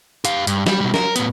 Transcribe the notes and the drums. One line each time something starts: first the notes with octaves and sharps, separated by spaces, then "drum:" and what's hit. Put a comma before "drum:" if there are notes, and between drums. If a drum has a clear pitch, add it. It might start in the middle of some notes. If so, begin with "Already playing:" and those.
G4 F5, drum: hi-hat
G2, drum: hi-hat
G3, drum: snare
B2 G3
A#4, drum: snare
A2 B3, drum: hi-hat